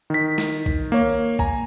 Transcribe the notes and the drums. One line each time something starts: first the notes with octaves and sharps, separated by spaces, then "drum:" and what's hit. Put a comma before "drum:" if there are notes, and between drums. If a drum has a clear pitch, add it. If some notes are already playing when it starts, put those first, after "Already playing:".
D#3 B6
drum: snare
drum: kick B1
A#3 C#5
G#5 A#5, drum: kick B1